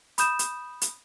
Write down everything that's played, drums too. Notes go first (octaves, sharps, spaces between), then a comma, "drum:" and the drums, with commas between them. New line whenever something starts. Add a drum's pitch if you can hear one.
B5 D#6 G6 E7, drum: hi-hat
drum: hi-hat
drum: hi-hat